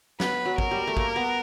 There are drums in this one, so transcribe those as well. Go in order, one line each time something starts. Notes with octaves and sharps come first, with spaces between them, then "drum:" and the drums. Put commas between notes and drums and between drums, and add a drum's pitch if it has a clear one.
B3 B4, drum: snare
F#3
A#4, drum: kick G#1
G3
A3
A#3, drum: kick G#1
B3